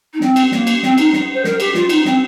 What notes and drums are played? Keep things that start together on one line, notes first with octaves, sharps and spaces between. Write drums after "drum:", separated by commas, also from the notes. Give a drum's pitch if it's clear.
D#4
C4, drum: snare
drum: cymbal
A#3, drum: snare
drum: cymbal
C4, drum: snare
D#4, drum: cymbal
drum: snare
C5
A#4, drum: snare
G4, drum: cymbal
F4, drum: snare
D#4, drum: cymbal
C4, drum: snare